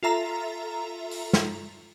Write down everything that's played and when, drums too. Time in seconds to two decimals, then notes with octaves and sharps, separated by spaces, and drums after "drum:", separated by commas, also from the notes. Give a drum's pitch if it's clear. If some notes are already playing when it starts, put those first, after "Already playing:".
0.03 F4 A4 E5 A#5
1.11 drum: open hi-hat
1.33 drum: snare